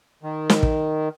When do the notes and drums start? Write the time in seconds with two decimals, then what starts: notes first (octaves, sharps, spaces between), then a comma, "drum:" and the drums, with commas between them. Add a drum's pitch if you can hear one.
0.23 D#3
0.50 drum: snare
0.63 drum: kick